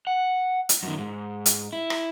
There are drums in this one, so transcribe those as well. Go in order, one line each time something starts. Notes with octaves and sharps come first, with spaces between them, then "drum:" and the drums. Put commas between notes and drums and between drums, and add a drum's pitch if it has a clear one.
F#5
drum: hi-hat
F#2 D#3
G#2
drum: hi-hat
E4
drum: rim click